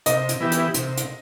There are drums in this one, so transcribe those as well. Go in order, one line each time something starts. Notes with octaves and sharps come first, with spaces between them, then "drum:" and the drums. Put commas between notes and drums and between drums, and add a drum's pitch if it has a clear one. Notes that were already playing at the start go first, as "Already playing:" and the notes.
C3 D#5, drum: hi-hat
drum: hi-hat
E3 B3 E4 G4
drum: hi-hat
C3, drum: hi-hat
drum: hi-hat